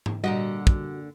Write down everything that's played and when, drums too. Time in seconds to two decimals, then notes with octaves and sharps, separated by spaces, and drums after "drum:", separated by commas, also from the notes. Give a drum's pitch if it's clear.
0.06 drum: tom G#2
0.24 A#2 D3 G3 F#4 D#5
0.67 drum: kick